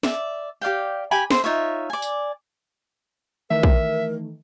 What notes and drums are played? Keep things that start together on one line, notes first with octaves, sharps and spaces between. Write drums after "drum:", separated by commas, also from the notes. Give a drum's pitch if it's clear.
D5 E5, drum: snare
G4 D5 F5 G5
G4 G5 G#5 B5
C5 E5, drum: snare
D#4 F4 C#5 E5
D5 G#5
drum: tambourine
D#3 E3 A3 A#4 E5
drum: kick